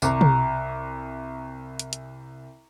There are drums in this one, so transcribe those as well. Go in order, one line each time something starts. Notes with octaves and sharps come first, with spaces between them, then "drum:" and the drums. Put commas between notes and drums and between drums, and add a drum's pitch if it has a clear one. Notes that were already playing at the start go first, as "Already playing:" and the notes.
C2 A#5 C#6 D6, drum: tambourine
drum: tom
drum: hi-hat
drum: hi-hat